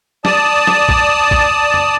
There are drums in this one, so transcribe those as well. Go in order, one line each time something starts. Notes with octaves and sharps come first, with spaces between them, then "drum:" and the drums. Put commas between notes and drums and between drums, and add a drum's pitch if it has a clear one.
D5 A5 D#6, drum: snare
drum: snare
drum: kick
drum: kick
drum: tom F2